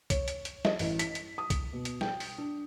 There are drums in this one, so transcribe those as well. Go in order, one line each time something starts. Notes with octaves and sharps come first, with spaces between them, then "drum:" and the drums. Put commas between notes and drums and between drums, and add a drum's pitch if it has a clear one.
C#5, drum: kick C2, hi-hat
drum: hi-hat
drum: hi-hat
D#5, drum: snare
A1, drum: open hi-hat
B6, drum: hi-hat
drum: hi-hat
D#6
drum: kick C2, hi-hat
B2
drum: hi-hat
G5, drum: snare
drum: open hi-hat
D4